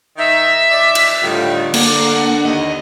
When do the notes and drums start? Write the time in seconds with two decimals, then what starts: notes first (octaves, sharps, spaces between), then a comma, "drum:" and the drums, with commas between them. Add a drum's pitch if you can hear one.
0.18 D#3 D#4 E5
0.71 D#3 D5
0.95 drum: cymbal
1.23 A2 D3 D#3 G3 F4
1.74 D3 A#3 D5 F#5, drum: cymbal
2.45 D#2 D#5